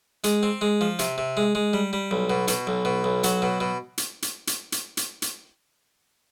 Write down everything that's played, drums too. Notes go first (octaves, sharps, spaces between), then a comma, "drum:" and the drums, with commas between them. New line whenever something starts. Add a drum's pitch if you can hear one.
G#3, drum: hi-hat
C4
G#3
F3
C3, drum: hi-hat
C3
G#3
G#3
G3
G3
B1
B2
B2, drum: hi-hat
B1
B2
B1
F#3, drum: hi-hat
B2
B2
drum: hi-hat
drum: hi-hat
drum: hi-hat
drum: hi-hat
drum: hi-hat
drum: hi-hat